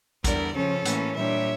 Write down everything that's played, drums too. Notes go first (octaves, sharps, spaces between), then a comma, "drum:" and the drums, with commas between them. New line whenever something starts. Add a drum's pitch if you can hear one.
E2 D3 G3 A#4 D5, drum: kick A#1, hi-hat
C#3 F3 C#4 A4 C#5
A2 E3 A#3 C#4, drum: hi-hat
A#2 G3 D4 C#5 E5